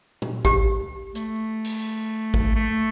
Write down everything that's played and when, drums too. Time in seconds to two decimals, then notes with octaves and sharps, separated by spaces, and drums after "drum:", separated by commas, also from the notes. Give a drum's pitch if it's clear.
0.22 drum: tom
0.45 G4, drum: kick G#1
1.15 A3, drum: hi-hat
1.65 drum: cymbal
2.34 drum: kick G#1
2.55 A3